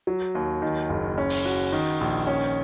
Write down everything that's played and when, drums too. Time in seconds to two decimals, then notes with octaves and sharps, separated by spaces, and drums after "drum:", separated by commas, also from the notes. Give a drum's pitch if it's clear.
0.07 F#3
0.35 D#2
0.62 D#3
0.89 F#1
1.18 C#4
1.30 drum: open hi-hat
1.45 F#4
1.72 D#3
2.01 A#1
2.27 C#4